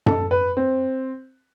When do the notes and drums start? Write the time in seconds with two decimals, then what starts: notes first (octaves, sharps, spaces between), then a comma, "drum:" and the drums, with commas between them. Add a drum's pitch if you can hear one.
0.06 A4, drum: tom F#2
0.31 B4
0.57 C4